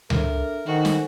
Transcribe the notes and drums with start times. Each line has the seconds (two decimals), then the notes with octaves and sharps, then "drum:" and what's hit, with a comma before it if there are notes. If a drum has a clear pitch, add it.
0.10 D4 A4 A#4 E5, drum: tom C#2
0.66 D#3 F#4 A4 C5 G#5
0.85 drum: snare